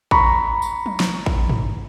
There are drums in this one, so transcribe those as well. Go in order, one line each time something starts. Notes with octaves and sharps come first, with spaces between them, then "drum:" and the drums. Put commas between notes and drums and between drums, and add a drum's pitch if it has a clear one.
A#5 B5 C#6, drum: kick A1
drum: tambourine
drum: tom F3
drum: snare
drum: kick A1
drum: tom